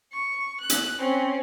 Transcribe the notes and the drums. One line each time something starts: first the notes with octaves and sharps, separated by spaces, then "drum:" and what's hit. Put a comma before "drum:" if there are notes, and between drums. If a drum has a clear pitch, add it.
C#6
F#6
drum: hi-hat
C4 C#4